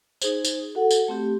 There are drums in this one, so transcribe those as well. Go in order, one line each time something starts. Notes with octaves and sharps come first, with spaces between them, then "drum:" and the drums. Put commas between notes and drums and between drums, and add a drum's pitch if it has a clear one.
D#4 G#4 C5, drum: tambourine
drum: tambourine
F#4 A4 F#5
drum: tambourine
A3 C4 G4